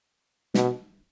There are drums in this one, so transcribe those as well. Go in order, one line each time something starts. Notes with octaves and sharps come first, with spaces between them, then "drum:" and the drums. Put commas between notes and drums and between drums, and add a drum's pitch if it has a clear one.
B2, drum: snare